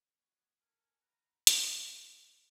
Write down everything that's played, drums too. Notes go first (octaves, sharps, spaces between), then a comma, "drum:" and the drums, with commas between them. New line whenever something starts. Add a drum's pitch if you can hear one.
B3 F#4 C#5
A4 A#4 G#5
B4 F#5 A#5
F4 F#4 B4 D6, drum: hi-hat
F4 G4